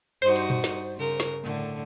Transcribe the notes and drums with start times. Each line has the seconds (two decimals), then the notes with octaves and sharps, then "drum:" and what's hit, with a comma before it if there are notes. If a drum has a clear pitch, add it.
0.22 G2 D#4 F#4 C5
0.36 drum: cymbal
0.50 drum: tom A#2
0.64 drum: snare
0.97 C#3 A#4
1.20 drum: snare
1.43 A2 D3